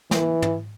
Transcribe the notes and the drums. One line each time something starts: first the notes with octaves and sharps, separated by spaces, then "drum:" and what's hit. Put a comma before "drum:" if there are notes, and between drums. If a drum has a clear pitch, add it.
E3, drum: snare
drum: tom